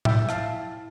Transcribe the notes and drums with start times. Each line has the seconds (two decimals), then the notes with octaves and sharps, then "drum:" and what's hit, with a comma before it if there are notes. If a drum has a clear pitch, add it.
0.05 E4 E5 G5, drum: tom A2
0.29 E4 F5 A5, drum: rim click
0.53 E4